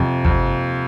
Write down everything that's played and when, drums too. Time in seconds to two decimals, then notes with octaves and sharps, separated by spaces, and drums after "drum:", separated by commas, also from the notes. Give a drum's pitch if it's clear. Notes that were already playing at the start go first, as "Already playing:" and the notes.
Already playing: F2 C3
0.25 F2, drum: kick G1